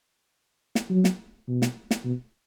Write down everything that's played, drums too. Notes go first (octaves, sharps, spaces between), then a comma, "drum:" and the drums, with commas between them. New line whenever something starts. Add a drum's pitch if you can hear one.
drum: snare
F#3
drum: snare
B2
drum: snare
drum: snare
B2